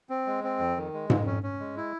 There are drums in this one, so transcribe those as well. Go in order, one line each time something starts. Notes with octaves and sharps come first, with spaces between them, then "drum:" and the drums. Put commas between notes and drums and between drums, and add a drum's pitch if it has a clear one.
C4
G#3
C4
F2
D#3
G#3
F2, drum: tom G#2
C#4
C#4
G#3
E4